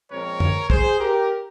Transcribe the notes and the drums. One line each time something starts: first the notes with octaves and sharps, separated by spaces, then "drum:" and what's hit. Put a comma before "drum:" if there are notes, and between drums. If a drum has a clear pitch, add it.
A#2 F3 G#3 C4 A#4 C#5
drum: tom F#2
G#4 C5, drum: kick
G4 A#4